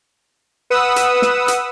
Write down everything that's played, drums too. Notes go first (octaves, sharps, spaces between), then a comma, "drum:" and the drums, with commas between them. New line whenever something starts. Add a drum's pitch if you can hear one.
B4 F#5 D#6 E6
drum: hi-hat
drum: snare
drum: hi-hat